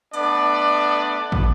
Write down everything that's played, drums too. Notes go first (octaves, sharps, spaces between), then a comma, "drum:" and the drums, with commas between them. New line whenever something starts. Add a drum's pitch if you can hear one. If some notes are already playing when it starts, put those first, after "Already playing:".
A3 B3 D4 D5, drum: hi-hat
drum: kick